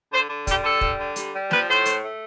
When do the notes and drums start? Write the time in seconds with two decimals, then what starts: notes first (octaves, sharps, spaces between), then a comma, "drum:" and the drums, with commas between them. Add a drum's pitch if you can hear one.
0.12 D3 C5
0.30 D3
0.47 G3 G4, drum: kick, hi-hat
0.64 D3 A4
0.81 G3, drum: kick
0.99 D3
1.16 G3, drum: hi-hat
1.34 G3
1.51 F3 B4, drum: snare
1.68 A2 C5
1.85 A3, drum: hi-hat
2.03 A3